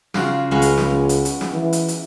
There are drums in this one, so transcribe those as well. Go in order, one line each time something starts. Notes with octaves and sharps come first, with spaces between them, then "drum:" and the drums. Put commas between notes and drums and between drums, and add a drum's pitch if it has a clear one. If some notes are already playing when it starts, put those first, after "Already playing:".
C#3 F4 F#4, drum: snare
C#2 G#3 B3 C#4
drum: hi-hat
drum: snare
drum: hi-hat
drum: hi-hat
drum: snare
E3
drum: hi-hat
drum: hi-hat